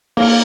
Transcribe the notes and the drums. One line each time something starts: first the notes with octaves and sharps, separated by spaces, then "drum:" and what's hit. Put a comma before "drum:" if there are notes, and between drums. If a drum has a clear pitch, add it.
A#3, drum: cymbal